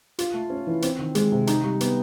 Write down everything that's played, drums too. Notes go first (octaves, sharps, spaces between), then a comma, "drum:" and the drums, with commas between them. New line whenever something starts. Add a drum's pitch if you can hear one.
F4, drum: hi-hat
A3
C#4
E3
C4, drum: hi-hat
D#3
G#3, drum: hi-hat
C3
D#4, drum: hi-hat
G3
B3, drum: hi-hat